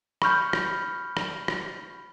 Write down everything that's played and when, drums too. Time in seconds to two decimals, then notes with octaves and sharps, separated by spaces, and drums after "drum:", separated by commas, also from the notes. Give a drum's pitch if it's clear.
0.22 B5 C#6 F6 G6, drum: rim click
0.53 drum: rim click
1.17 drum: rim click
1.48 drum: rim click